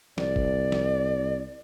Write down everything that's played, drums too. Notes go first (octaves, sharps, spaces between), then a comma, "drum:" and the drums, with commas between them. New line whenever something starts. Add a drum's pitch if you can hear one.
C2 D5, drum: snare
drum: kick
drum: snare